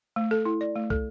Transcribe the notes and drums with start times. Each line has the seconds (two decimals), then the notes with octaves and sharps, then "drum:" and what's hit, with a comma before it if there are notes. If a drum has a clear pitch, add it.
0.16 A3
0.31 A4
0.45 E4
0.61 D5
0.76 A3
0.90 A4, drum: kick